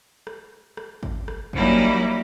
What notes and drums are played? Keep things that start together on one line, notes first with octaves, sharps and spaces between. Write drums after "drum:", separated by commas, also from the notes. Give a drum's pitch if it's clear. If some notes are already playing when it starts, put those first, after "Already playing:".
drum: rim click
drum: rim click
drum: kick
drum: rim click
F#3 G3 A#3 C#4 D#4 E4, drum: kick